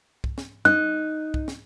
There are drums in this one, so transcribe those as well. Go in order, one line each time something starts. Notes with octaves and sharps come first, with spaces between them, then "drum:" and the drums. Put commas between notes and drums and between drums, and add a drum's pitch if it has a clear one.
drum: kick C2
drum: snare
D#4 F#6
drum: kick C2
drum: snare